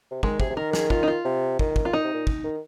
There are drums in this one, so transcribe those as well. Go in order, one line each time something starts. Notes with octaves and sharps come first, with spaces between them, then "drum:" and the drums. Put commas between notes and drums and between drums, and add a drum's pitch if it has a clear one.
C3
D#3 G#3, drum: kick
C3 G#4, drum: kick
C3
D#3 A#4
G#4, drum: snare
F4, drum: kick
D#4
F4
C3
D#3, drum: kick
drum: kick
F4
A#2 D#4
C3
A#2
drum: kick
D#3